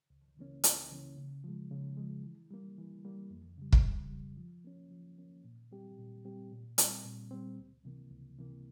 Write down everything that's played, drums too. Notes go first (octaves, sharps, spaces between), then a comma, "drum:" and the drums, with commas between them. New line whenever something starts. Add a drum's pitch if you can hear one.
C#2
C#3 E3 A#3 C#4
C#2, drum: hi-hat
C#3 E3 A#3 C#4
C#3
F3 G#3
C#3
F3 G#3
E3
G3 A#3
E3
G3 A#3
F2
C#3 G3
drum: kick
F2
C#3 G3
F3
A#3 C#4
F3
A#3 C#4
A#2
G3 C4 G4
A#2
G3 C4 G4
A#2
G3 C4, drum: hi-hat
A#2
G3 C4
C#2
C3 E3 A#3
C#2
C3 E3 A#3